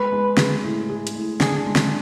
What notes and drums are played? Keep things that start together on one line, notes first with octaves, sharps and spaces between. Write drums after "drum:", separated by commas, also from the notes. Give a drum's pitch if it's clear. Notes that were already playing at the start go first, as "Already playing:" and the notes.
Already playing: G#3 B4
G#3
G#4, drum: snare
A2
G#4
drum: hi-hat
A2
D4 G#4, drum: snare
G#3
drum: snare